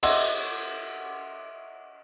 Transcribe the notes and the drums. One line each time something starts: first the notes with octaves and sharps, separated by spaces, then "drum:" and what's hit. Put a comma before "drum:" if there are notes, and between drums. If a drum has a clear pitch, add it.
D#5 E5 F#5 C6 D6 E6, drum: cymbal